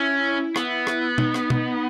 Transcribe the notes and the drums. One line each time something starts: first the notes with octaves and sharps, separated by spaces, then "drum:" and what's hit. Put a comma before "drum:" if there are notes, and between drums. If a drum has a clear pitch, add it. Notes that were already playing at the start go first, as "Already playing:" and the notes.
Already playing: C#4 E4
B3, drum: rim click
drum: rim click
D#4, drum: tom B2
drum: rim click
drum: tom B2